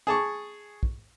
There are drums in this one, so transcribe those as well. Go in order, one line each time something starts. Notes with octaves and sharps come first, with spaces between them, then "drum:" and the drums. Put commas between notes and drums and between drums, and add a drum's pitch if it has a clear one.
G#4 A5 C#6
drum: kick